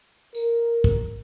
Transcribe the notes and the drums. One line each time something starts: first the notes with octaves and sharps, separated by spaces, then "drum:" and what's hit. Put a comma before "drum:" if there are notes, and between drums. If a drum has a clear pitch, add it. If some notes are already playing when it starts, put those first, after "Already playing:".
A#4, drum: tambourine
drum: kick